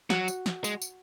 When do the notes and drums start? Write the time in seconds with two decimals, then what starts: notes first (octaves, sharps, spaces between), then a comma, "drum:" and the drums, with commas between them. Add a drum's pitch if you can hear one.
0.10 F#3 F#4, drum: snare
0.28 drum: tambourine
0.46 drum: snare
0.64 G#3, drum: tambourine
0.82 drum: tambourine